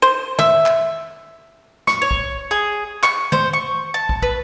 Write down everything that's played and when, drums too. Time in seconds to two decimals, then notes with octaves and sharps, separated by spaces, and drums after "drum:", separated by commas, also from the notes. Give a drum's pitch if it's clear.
0.02 C5
0.39 E5, drum: tom
0.66 drum: clap
1.87 C#6, drum: snare
2.02 C#5
2.11 drum: kick
2.51 G#4
3.03 C#6, drum: clap
3.32 C5, drum: tom
3.53 C#6
3.94 A5
4.09 drum: kick
4.22 B4, drum: kick